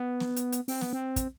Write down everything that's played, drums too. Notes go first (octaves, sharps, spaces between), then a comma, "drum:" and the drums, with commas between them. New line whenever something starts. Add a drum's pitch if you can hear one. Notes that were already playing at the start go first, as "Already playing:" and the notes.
Already playing: B3
drum: snare
drum: hi-hat
drum: hi-hat
C4, drum: open hi-hat
B3, drum: snare
C4
drum: kick, hi-hat